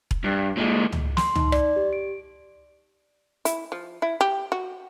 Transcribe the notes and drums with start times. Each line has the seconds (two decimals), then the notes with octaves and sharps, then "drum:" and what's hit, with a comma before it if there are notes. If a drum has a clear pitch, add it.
0.11 drum: kick E1
0.24 G2
0.57 A#2 G#3
0.92 drum: tom C#2
1.17 C6, drum: snare
1.35 D#4, drum: tom C#2
1.52 D5, drum: rim click
1.76 G4
1.93 D7
3.45 E4, drum: hi-hat
3.72 F3
4.02 E4
4.21 G4
4.52 F#4